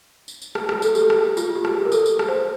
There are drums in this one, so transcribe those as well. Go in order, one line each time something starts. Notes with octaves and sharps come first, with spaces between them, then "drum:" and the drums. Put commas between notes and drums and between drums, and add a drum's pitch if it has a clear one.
drum: tambourine
drum: tambourine
drum: rim click
drum: rim click
A4, drum: tambourine
G4, drum: tambourine
A4
drum: rim click
G4
F4, drum: tambourine
G4
drum: rim click
G4
A#4
A4, drum: tambourine
drum: tambourine
drum: rim click
C5